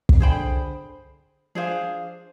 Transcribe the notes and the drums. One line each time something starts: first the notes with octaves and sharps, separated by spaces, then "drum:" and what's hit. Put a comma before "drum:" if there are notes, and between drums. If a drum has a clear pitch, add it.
drum: kick
D3 G#4 C5 G5 B5
F3 D4 G#4 C5 F5